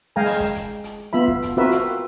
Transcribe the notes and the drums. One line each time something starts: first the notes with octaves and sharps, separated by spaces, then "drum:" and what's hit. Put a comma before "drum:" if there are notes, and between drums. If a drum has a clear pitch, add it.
G#3 F5 G5 G#5 A#5
drum: open hi-hat
drum: kick
drum: hi-hat
drum: hi-hat
B3 F4 E5 B5
drum: kick
drum: hi-hat
C4 F4 F#4 A#4 B4 E5
drum: hi-hat